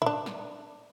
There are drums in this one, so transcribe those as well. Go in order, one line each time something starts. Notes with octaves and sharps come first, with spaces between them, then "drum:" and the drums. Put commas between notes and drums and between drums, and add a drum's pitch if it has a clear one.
E4, drum: tom A2
D4
drum: snare